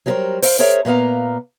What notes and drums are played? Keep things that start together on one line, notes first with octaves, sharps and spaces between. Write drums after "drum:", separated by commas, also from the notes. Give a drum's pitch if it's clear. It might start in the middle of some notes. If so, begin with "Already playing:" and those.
F#3 G3 F#4 G4 A#4 C5
C5 F5, drum: open hi-hat
G#4 A#4 C5 C#5 E5
A#2 A#3 B3 F5 A#5